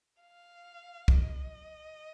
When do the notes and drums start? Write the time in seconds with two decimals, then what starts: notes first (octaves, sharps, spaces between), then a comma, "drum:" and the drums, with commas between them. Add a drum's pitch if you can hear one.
0.21 F5
1.08 D#5, drum: kick